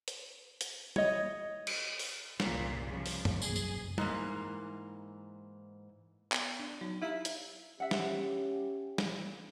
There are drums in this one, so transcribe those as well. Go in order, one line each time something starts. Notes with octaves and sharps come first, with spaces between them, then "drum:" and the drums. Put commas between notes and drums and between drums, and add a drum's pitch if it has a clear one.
drum: hi-hat
drum: hi-hat
C#5 D#5, drum: tom
drum: cymbal
drum: open hi-hat
G1 C2 A#2 C#3 C4, drum: snare
C#3 F3 G3
drum: open hi-hat
drum: tom
F#1 B1 G#4, drum: tambourine
drum: tambourine
G#2 E3 A#3, drum: tom
B3, drum: clap
D4
F#3 D#4
E4 G4 E5 F5 A#5
drum: hi-hat
C#4 G4 E5 F#5
drum: snare
drum: snare